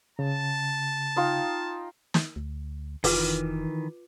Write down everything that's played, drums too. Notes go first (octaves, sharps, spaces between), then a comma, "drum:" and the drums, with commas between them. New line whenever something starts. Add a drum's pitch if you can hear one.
C#3 A5
D#4 F4 G5
drum: snare
D2
F1 D#3 E3 F4 B4 D6 F6, drum: open hi-hat